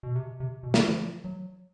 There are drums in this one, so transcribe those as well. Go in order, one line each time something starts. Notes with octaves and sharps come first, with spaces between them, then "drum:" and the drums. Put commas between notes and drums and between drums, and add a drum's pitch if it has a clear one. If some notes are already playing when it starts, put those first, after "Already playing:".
B2
C3
C3
B2
drum: snare
F3
F#3